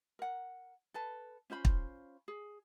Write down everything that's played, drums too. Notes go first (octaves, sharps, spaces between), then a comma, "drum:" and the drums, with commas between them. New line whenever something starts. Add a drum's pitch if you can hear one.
A#4 F#5
A4 B4 A5
C#4 F4 C5 B5
drum: kick
G#4